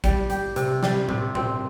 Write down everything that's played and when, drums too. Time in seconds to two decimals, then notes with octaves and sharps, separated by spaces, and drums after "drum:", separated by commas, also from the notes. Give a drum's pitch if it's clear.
0.04 G3, drum: kick G#1, hi-hat
0.30 G4, drum: hi-hat
0.56 C3, drum: hi-hat
0.83 G3, drum: snare
1.09 C3, drum: tom A2
1.35 C4, drum: tom A2